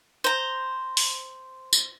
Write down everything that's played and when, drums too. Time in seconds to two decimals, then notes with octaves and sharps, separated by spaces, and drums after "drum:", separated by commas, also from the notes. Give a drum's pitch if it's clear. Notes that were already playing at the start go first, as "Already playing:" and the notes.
0.24 C5 A#5
0.97 drum: open hi-hat
1.73 drum: tambourine